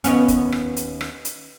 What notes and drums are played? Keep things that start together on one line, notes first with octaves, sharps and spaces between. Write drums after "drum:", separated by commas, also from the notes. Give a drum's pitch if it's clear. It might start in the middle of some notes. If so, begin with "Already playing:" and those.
D#2 B3 C#4, drum: hi-hat
drum: kick F1, hi-hat
drum: rim click
drum: hi-hat
drum: rim click
drum: hi-hat